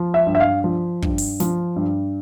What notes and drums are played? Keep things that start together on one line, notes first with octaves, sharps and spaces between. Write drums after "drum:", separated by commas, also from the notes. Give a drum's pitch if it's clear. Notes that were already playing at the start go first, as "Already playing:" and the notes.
Already playing: F3
E5
G2
E5
F5
F3
G2, drum: kick
drum: open hi-hat
F3, drum: snare
G2